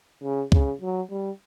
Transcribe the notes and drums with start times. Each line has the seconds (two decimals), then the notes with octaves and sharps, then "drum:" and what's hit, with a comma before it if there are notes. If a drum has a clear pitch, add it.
0.23 C#3
0.52 C#3, drum: kick C#2
0.81 F#3
1.10 G3